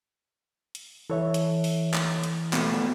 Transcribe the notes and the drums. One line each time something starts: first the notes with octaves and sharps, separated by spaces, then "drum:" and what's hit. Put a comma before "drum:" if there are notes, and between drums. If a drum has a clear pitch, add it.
drum: hi-hat
E3 A4 C#5 E5
drum: hi-hat
drum: open hi-hat
drum: clap
drum: hi-hat
B2 A3 A#3, drum: clap